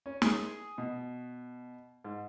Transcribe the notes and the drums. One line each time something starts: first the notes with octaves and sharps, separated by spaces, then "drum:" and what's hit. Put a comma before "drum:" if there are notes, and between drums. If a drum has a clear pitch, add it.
C#4
G#4, drum: snare
B2
G#2